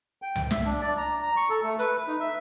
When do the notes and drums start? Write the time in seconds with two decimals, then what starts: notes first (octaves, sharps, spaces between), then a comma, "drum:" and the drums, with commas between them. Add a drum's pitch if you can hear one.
0.22 G5
0.36 drum: tom C2
0.51 E5, drum: snare
0.65 D4
0.81 D5
0.97 A#5
1.22 A#5
1.37 C#6
1.50 A4
1.63 A3
1.79 B4, drum: hi-hat
2.08 D#4
2.20 E5